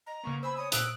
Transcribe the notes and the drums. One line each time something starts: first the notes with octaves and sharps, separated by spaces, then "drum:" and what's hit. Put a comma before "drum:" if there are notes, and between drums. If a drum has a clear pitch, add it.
D#5 A#5
C#3 A#3 B3 C#6
C5 G#5 B5 E6
C#5 D#6
A#2 D#6 E6 F#6 D7, drum: hi-hat